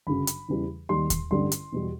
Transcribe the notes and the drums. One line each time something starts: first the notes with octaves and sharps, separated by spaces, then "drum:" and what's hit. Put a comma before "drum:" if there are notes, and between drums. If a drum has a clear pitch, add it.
G1 F#2 C#3 F#3 B5
drum: hi-hat
E2 C#3 E3 G3
D#2 D#3 G3 C6
drum: kick D#2, hi-hat
A1 G2 D3 G3 C6
drum: hi-hat
E2 B2 G3